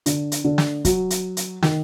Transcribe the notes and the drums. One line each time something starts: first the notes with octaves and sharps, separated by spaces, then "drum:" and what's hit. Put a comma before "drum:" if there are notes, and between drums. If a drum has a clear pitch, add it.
D3, drum: hi-hat
drum: hi-hat
D3
drum: snare
F#3, drum: kick, hi-hat
drum: hi-hat
drum: hi-hat
D#3, drum: snare